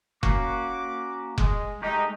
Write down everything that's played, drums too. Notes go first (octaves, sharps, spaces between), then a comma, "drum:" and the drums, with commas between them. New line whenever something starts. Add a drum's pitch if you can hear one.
A#3 C#4 F#4 D6, drum: kick F1
G#3, drum: kick F1
G#3 A3 D#4 G4